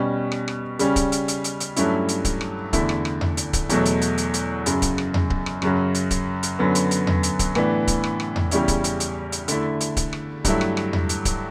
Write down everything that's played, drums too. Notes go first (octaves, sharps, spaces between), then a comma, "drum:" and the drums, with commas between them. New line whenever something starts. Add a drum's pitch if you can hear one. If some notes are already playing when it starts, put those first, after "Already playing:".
Already playing: B2 G3 C#4
drum: rim click
drum: rim click
C#3 G3 C#4, drum: hi-hat
drum: kick C#1, hi-hat
drum: hi-hat
drum: hi-hat
drum: hi-hat
drum: hi-hat
G2 F#3 A3 C#4 E4, drum: hi-hat
drum: hi-hat
drum: kick C#1, hi-hat
drum: rim click
E2 D3 A3 E4, drum: kick C#1, hi-hat
drum: rim click
drum: rim click
drum: tom E2
drum: hi-hat
drum: kick C#1, hi-hat
E2 B2 F#3 A3, drum: hi-hat
drum: hi-hat
drum: hi-hat
drum: hi-hat
drum: hi-hat
F#2 C#3 F#3, drum: hi-hat
drum: kick C#1, hi-hat
drum: rim click
drum: tom E2
drum: kick C#1
drum: rim click
F#2 C#3 F#3 C#4, drum: rim click
drum: hi-hat
drum: kick C#1, hi-hat
drum: hi-hat
F#2 D3 F#3 B3
drum: hi-hat
drum: hi-hat
drum: tom E2
drum: hi-hat
drum: kick C#1, hi-hat
A2 E3 B3 D4, drum: rim click
drum: kick C#1, hi-hat
drum: rim click
drum: rim click
drum: tom E2
E2 C#3 G3 C#4 E4, drum: hi-hat
drum: kick C#1, hi-hat
drum: hi-hat
drum: hi-hat
drum: hi-hat
D3 A3 E4, drum: hi-hat
drum: hi-hat
drum: kick C#1, hi-hat
drum: rim click
G2 F#3 A3 E4, drum: kick C#1, hi-hat
drum: rim click
drum: rim click
drum: tom E2
drum: hi-hat
drum: kick C#1, hi-hat